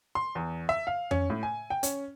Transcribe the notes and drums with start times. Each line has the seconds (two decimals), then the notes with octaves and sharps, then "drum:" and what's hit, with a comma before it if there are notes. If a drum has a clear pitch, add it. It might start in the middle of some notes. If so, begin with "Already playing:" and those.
0.15 C6
0.35 E2
0.69 E5
0.87 F5
1.11 C#4, drum: tom F2
1.30 A2
1.43 G#5
1.70 G5
1.83 C#4, drum: hi-hat